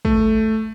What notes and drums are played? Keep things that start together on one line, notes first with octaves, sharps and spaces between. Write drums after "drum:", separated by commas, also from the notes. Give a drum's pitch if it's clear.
A3, drum: kick